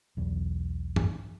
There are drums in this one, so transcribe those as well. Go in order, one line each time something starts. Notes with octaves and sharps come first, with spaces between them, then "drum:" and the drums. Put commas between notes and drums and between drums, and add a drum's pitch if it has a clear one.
B1 E2
drum: tom G2